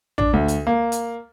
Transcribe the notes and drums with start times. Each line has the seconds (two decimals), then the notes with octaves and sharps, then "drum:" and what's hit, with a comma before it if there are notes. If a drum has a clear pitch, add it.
0.18 D4, drum: tom A1
0.33 D2
0.48 drum: hi-hat
0.67 A#3
0.92 drum: hi-hat